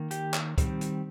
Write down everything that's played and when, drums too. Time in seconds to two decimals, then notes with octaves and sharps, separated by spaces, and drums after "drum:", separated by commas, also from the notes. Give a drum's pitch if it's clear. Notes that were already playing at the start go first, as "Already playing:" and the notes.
Already playing: D#3 A#3
0.11 G4, drum: hi-hat
0.34 drum: clap
0.58 D#3 G3 C4, drum: kick C#2, hi-hat
0.81 drum: hi-hat